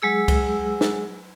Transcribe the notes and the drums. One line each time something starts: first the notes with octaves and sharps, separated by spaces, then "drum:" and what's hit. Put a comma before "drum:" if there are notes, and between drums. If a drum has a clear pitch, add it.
F#3 G#3 G#4 E6
drum: kick C2, cymbal
drum: snare